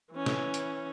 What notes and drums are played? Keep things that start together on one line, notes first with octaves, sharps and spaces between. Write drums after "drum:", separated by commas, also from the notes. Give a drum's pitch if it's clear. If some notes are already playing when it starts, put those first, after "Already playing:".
E3 C#4
drum: snare
drum: hi-hat